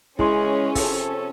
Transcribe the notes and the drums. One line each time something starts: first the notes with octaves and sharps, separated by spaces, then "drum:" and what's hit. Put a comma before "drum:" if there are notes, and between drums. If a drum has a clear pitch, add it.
C#3 E3 G#3 C#4 E4 C6, drum: kick
C3 F3 A4 C#5, drum: kick, open hi-hat